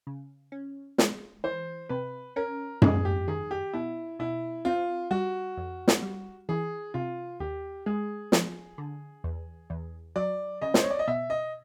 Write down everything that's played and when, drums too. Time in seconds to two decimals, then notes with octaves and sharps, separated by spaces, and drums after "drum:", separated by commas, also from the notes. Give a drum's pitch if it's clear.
0.07 C#3
0.52 C#4
0.98 G#3, drum: snare
1.44 E3 C5
1.89 C3 B4
2.36 C#4 A#4
2.82 G#3 G#4, drum: tom F#2
3.05 G4
3.28 D#3 G#4
3.51 G4
3.73 B2 E4
4.19 B2 E4
4.65 C4 F4
5.11 G3 F#4
5.57 F2
5.88 drum: snare
6.02 G3
6.49 E3 G#4
6.94 C3 F4
7.40 D#2 G4
7.86 G#3 G#4
8.32 F3, drum: snare
8.78 D3
9.24 E2
9.70 E2
10.16 F#3 D5
10.62 C#3 D#5
10.74 C5, drum: snare
10.82 C#5
10.91 D5
10.99 D#5
11.08 B2 E5
11.30 D#5